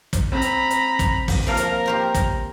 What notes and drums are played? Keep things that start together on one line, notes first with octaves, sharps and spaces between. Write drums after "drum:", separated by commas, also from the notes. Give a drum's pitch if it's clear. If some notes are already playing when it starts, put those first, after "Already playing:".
drum: kick, hi-hat
C4 A#5 B5
drum: hi-hat
drum: hi-hat
drum: kick, hi-hat
drum: kick, open hi-hat
F3 A#3 A#4 F5
drum: hi-hat
G4 C5 A#5
drum: kick, hi-hat